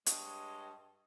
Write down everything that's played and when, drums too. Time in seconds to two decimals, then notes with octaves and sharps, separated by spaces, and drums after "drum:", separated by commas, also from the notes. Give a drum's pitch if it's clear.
0.06 G2 G#3 C#5 D#5, drum: hi-hat